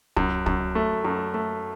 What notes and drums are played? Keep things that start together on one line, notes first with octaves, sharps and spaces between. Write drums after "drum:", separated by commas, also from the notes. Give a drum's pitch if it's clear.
F#2, drum: kick
F#2, drum: kick
A3
F#2
A3